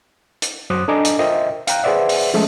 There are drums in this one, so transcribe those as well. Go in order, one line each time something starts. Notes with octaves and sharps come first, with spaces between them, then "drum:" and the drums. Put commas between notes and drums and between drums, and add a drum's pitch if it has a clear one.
drum: hi-hat
F#2 F#3 C5 D6 D#6 F#6
D4 A4 D#5 G#5 A#5 D6
drum: hi-hat
F4 A#4 C5 D#5 E5 G5
F5 G5 A#5 F#6, drum: hi-hat
G#4 B4 C5 D5 E5 F#5
drum: open hi-hat
F3 G#3 A3 C#4 A4 D#5